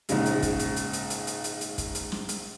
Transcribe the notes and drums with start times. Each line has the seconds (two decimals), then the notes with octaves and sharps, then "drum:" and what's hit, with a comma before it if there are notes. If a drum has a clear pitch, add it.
0.09 A#1 G#2 C#3 G#3, drum: hi-hat
0.26 drum: hi-hat
0.43 drum: kick, hi-hat
0.59 drum: hi-hat
0.76 drum: hi-hat
0.93 drum: hi-hat
1.10 drum: hi-hat
1.27 drum: hi-hat
1.44 drum: hi-hat
1.61 drum: hi-hat
1.78 drum: kick, hi-hat
1.95 drum: hi-hat
2.12 drum: snare
2.29 drum: hi-hat